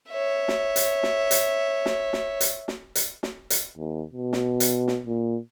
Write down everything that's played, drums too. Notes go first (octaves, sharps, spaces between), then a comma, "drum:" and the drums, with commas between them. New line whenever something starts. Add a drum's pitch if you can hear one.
C#5 E5
drum: snare
drum: hi-hat
drum: snare
drum: hi-hat
drum: snare
drum: snare
drum: hi-hat
drum: snare
drum: hi-hat
drum: snare
drum: hi-hat
D#2
B2
drum: snare
drum: hi-hat
drum: snare
A#2